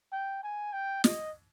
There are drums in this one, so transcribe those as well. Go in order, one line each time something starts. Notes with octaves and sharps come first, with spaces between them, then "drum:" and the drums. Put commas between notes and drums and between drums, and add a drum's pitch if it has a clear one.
G5
G#5
G5
D#5, drum: snare